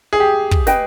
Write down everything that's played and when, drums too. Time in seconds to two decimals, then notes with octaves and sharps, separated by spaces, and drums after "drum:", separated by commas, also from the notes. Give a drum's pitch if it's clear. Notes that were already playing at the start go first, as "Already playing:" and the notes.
0.13 G#4
0.20 G4
0.51 drum: kick
0.67 B4 D#5 G5, drum: snare